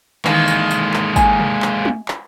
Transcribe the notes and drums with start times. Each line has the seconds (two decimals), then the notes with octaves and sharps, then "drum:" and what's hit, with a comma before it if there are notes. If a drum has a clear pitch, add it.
0.25 D#3 E3 G#3 A#3, drum: clap
0.48 drum: tambourine
0.71 drum: tambourine
0.94 drum: clap
1.16 G#5, drum: kick G#1, tambourine
1.39 drum: tom
1.62 drum: clap
1.85 drum: tom
2.08 drum: clap